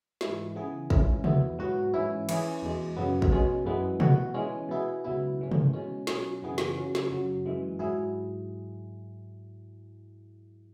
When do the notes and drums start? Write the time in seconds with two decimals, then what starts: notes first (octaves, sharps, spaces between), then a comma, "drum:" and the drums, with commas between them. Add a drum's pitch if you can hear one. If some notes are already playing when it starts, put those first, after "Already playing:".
0.21 G#2 E3 G#3 E4, drum: snare
0.55 C#3 E3 B3 G#4
0.90 G#2 E3 C#4 E4, drum: kick A1
1.24 E2 B2 B3 E4, drum: tom C3
1.59 G#2 F#3 B3 F#4
1.94 G#2 E3 C#4 E4
2.29 E3 C#4 E4 G#4, drum: cymbal
2.62 E2 B2 G#3
2.97 F#2 C#3 F#3 B3
3.22 drum: kick A1
3.31 B2 G#3 C#4
3.65 F#2 E3 G#3 B3
4.00 B2 B3 F#4, drum: tom B2
4.34 E3 G#3 C#4
4.69 B2 B3 E4 G#4
5.04 C#2 B2 F#3 B3 E4
5.38 G#2 E3 C#4
5.52 drum: tom C3
5.73 B2 G#3 C#4
6.07 B2 F#3 C#4 G#4, drum: snare
6.42 F#2 C#3 E3 B3 G#4
6.58 drum: snare
6.77 C#3 F#3 C#4
6.95 drum: snare
7.10 F#2 C#3 F#3
7.46 F#2 E3 G#3
7.79 G#2 F#3 E4 G#4